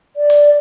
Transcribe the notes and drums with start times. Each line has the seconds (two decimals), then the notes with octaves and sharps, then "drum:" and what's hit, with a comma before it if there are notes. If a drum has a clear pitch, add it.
0.16 D5
0.30 drum: open hi-hat